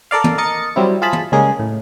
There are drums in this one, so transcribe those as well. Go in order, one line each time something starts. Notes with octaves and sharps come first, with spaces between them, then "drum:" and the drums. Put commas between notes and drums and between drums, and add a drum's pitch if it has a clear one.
A4 A#4 D5 F5
drum: tom
A#4 D#5 A6 C#7
F#3 G3 C4 E4
F4 G#4 A5 B5
drum: tom
C#3 G3 G#3 A#3 G#4
A2